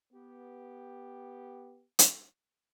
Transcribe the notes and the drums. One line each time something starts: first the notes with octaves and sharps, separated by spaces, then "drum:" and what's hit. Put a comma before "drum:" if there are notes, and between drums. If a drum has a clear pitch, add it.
B3 G4
drum: hi-hat